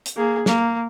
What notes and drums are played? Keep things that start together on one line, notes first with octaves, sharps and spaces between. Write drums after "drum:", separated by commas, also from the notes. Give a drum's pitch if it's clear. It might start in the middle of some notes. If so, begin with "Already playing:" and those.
drum: hi-hat
A#3 G#4
A#3, drum: snare